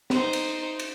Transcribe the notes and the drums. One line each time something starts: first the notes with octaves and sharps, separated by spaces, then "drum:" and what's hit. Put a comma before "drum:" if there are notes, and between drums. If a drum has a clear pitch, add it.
D#4 C5, drum: snare
drum: cymbal
drum: cymbal